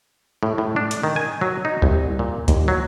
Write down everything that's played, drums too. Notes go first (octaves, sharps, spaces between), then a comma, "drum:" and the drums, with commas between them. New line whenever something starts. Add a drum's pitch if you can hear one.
A2
A2
D4
drum: hi-hat
D#3
G#5
F#3
D#4
C2, drum: kick C#2
A#2
D#2, drum: kick C#2, hi-hat
F#3